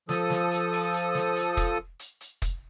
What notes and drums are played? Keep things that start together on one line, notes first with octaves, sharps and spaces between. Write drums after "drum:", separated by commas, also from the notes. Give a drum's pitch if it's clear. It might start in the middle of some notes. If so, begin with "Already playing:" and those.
F3 A4 D#6, drum: snare
drum: snare
drum: hi-hat
drum: open hi-hat
drum: hi-hat
drum: snare
drum: hi-hat
drum: kick, hi-hat
drum: hi-hat
drum: hi-hat
drum: kick, hi-hat